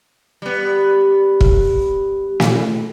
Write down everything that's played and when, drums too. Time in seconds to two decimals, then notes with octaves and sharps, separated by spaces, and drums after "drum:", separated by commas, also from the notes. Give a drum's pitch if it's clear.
0.42 G3 B3
1.41 drum: kick
2.40 drum: snare